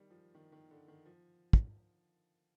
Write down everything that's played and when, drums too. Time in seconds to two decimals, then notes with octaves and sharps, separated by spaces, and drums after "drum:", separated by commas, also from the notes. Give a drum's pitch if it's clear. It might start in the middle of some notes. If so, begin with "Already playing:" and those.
Already playing: D#3 G3
0.10 F3
0.35 D#3
0.52 D#3
0.71 D3
0.88 D#3
1.06 F3
1.53 drum: kick